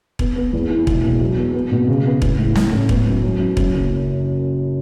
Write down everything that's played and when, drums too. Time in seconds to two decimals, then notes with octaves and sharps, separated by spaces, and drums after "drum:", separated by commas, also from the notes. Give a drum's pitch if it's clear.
0.19 B3, drum: kick E1
0.36 B3
0.53 E2
0.70 E3
0.87 E1, drum: kick E1
1.04 B2
1.20 F#3
1.37 B3
1.54 B3
1.72 B2
1.88 C#3
2.05 B3
2.22 A1, drum: kick E1
2.39 A2
2.55 A2, drum: snare
2.72 A1
2.89 B3, drum: kick E1
3.06 F#2
3.23 F#2
3.39 F#3
3.57 F#2, drum: kick E1
3.74 F#1